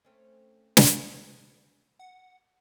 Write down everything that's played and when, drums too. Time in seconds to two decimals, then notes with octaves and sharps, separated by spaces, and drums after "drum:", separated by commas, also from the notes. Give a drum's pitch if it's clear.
0.05 A3 C4 C#4
0.77 drum: snare
1.99 F#5